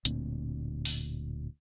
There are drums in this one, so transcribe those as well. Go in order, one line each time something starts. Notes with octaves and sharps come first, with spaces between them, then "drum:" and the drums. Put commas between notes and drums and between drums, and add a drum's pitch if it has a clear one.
D1 D2 A#2 C4, drum: hi-hat
drum: open hi-hat